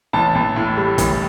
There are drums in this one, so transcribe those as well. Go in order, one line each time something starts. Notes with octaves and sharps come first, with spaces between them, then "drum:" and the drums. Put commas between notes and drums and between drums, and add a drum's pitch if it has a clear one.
A1 A5
A1
A2
G3
A1, drum: kick, hi-hat